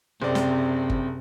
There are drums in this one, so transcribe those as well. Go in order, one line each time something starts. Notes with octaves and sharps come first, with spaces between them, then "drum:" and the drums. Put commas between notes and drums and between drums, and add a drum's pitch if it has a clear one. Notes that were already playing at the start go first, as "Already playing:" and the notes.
F#1 C3 C4 D5
drum: snare
drum: kick G1